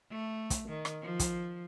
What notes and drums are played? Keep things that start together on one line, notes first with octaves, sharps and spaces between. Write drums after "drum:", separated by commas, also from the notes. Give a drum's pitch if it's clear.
A3
drum: kick, hi-hat
D#3
drum: rim click
F3
drum: kick, hi-hat